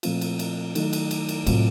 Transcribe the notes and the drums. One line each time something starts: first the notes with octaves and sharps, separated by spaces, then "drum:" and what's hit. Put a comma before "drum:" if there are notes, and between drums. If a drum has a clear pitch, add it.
A#2 F3 A3 C4 F4, drum: cymbal
drum: cymbal
drum: cymbal
D#3 F#3 A3 D#4, drum: cymbal
drum: cymbal
drum: cymbal
drum: cymbal
A2 C3 F#3 C4 F4, drum: cymbal